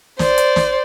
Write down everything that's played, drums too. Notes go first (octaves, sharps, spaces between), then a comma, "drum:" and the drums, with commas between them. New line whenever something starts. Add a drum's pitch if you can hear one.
C5 D5, drum: snare
drum: hi-hat
drum: snare